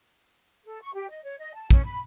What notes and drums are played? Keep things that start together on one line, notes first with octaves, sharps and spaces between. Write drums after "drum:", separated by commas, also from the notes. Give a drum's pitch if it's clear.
A4
C#6
G4
D#5
C#5
D#5
A5
C#4, drum: kick
B5